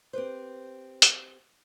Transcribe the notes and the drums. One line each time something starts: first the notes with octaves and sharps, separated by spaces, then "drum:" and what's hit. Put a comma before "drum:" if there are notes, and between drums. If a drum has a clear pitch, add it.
C4 G4 B4 C5
drum: hi-hat